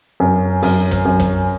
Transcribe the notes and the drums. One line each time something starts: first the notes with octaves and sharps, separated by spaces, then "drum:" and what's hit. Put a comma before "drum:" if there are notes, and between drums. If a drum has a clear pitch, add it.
F#2
F#2, drum: open hi-hat
drum: kick, hi-hat
F#2
drum: kick, hi-hat